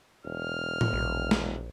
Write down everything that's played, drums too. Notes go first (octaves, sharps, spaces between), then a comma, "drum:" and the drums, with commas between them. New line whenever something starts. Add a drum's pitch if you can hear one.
E1 F6
drum: tom A2
A#1
drum: snare